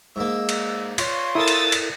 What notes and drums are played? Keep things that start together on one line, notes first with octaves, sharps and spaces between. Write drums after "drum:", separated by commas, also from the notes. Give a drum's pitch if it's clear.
G#2 A#3 E6
drum: cymbal
F4 C#5 C6, drum: cymbal
E4 A4 A#4 D#6 E6 A6
drum: cymbal
drum: cymbal